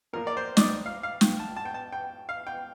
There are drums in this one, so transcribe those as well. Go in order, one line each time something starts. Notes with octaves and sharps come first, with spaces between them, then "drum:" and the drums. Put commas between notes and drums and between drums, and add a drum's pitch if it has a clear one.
A#2 F3 A#3 A#4
D5
C5
D5, drum: snare
D#5
F5
F5
G5, drum: snare
A5
A5
G5
A5
G5
F5
G5